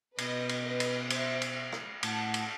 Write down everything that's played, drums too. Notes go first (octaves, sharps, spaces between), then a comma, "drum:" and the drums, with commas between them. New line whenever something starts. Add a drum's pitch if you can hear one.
B2 B4 D#5, drum: cymbal
drum: cymbal
B4 D#5
drum: cymbal
C5 E5, drum: cymbal
drum: cymbal
drum: rim click
A2 F#5 A5, drum: cymbal
drum: cymbal